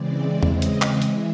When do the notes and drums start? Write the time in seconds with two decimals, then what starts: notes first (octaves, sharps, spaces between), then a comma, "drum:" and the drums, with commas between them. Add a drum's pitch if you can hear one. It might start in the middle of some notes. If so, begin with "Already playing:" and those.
Already playing: C#3 E3 G#3 C4 D5
0.43 D#5, drum: tom E2
0.62 drum: hi-hat
0.82 drum: clap
1.02 E3 G#3 E5, drum: hi-hat